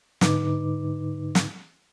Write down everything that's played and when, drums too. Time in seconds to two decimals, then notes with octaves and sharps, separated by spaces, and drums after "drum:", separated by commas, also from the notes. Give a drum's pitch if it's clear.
0.21 G#2 D3 D#4 B4 D6, drum: snare
1.35 drum: snare